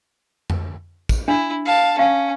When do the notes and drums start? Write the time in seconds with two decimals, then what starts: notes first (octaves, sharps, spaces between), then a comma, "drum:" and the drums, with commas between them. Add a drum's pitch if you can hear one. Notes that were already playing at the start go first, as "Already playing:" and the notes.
0.50 drum: tom F2
1.09 drum: kick, tambourine
1.28 D4 E4
1.65 F5 A5
1.99 C#4 F5